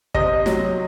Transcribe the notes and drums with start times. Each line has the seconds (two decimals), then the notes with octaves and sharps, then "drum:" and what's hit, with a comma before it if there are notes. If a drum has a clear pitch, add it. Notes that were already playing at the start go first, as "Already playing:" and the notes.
0.14 C3 D#5, drum: kick
0.46 F#3, drum: snare